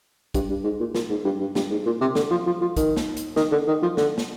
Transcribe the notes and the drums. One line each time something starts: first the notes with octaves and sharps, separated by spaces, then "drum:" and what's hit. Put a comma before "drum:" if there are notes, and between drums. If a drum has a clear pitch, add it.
G2, drum: kick, hi-hat
G2
G#2
A#2
A#2, drum: snare
G#2
G2
G2
G2, drum: snare
G#2
A#2
C3
D3, drum: snare
F3
F3
F3
D#3, drum: kick, hi-hat
drum: snare
drum: hi-hat
D#3, drum: snare
D3
D#3
F3
D3, drum: snare
drum: snare